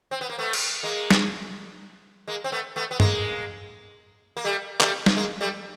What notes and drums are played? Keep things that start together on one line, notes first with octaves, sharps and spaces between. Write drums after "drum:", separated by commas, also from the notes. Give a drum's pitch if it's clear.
C4
B3
A#3
A3 B3
drum: cymbal
G#3 A#3
drum: snare
G#3 A#3
C4
A3 B3
A3 B3
B3
G#3 A#3, drum: tom G2
A#3
G3 A3
G3 A3, drum: clap
drum: snare
G#3 A#3
G3 A3